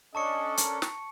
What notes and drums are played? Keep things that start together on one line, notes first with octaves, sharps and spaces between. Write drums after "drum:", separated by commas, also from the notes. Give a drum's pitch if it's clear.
C#4 D4 A4 D#5 A5 C#6 C#7
A#4, drum: hi-hat
drum: snare